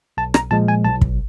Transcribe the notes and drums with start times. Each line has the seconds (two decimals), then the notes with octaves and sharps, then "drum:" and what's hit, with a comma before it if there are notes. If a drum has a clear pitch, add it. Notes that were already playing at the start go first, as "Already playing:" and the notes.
0.17 B1 A5
0.34 A#5, drum: rim click
0.51 A#2 F3 G#3 A5
0.68 G#5
0.84 B1 A5
1.01 drum: kick